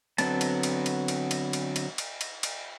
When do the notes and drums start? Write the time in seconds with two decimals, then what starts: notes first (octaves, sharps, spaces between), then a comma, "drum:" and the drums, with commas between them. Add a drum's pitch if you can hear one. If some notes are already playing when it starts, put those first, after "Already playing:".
0.18 D3 F#3 B3 C4 A5, drum: cymbal
0.41 drum: cymbal
0.63 drum: cymbal
0.86 drum: cymbal
1.08 drum: cymbal
1.31 drum: cymbal
1.53 drum: cymbal
1.76 drum: cymbal
1.98 drum: cymbal
2.21 drum: cymbal
2.43 drum: cymbal